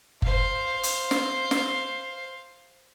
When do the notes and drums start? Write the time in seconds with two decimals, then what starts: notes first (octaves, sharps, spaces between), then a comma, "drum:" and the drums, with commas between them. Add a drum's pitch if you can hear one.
0.22 C5 F5, drum: kick F#1
0.83 drum: hi-hat
1.11 drum: snare
1.51 drum: snare